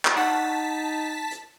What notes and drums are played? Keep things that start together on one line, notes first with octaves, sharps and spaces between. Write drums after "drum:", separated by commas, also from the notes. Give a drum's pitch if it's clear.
drum: clap
D#4 F#5 A5 B6
drum: hi-hat